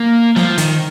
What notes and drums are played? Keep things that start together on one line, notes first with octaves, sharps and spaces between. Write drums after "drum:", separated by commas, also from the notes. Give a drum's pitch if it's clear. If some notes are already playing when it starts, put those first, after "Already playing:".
Already playing: A#3
F3, drum: snare
D#3, drum: hi-hat